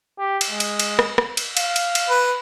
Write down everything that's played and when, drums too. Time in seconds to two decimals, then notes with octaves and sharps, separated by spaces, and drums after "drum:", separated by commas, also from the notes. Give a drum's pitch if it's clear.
0.19 G4
0.41 drum: cymbal
0.50 G#3
0.60 drum: cymbal
0.79 drum: cymbal
0.99 drum: rim click
1.18 drum: rim click
1.37 drum: cymbal
1.57 F5, drum: cymbal
1.76 drum: cymbal
1.95 drum: cymbal
2.10 B4